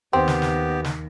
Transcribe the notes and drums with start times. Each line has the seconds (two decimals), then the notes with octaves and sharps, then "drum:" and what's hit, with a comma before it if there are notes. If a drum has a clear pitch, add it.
0.13 D#2 B3 C4 G4
0.28 drum: snare
0.42 drum: snare
0.84 drum: snare